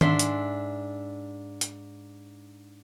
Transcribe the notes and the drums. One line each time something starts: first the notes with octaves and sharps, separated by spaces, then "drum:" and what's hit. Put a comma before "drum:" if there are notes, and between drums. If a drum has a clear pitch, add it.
G#2 D4 E5 C6, drum: tom D#3
drum: hi-hat
drum: hi-hat